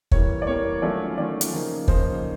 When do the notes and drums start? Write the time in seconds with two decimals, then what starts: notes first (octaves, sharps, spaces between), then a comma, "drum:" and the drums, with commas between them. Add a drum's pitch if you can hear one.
0.11 E3 G3 A#3 C#5, drum: kick
0.42 D5
0.47 E3 G3 A#3 C#5
0.82 D#3 F#3 A3 C#4 F4 D5
1.18 D#3 F#3 A3 C#4 F4 D5
1.41 drum: hi-hat
1.53 C#3 F3 A#3 D#4
1.88 C#3 F3 A#3 D#4 C5, drum: kick